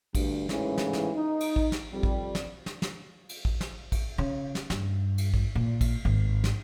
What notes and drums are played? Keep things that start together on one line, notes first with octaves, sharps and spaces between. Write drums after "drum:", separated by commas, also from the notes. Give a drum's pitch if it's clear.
D2 G2, drum: kick A1, cymbal
A1 G#2 C#3 E3, drum: snare
drum: snare
drum: snare
D#4
drum: cymbal
drum: kick A1
drum: snare
F2 C3 G3
drum: kick A1
drum: snare
drum: snare
drum: snare
drum: cymbal
drum: kick A1
drum: snare
drum: kick A1, cymbal
C#3
drum: snare
G2, drum: snare
drum: cymbal
drum: kick A1
A#2
drum: kick A1, cymbal
G#1
drum: snare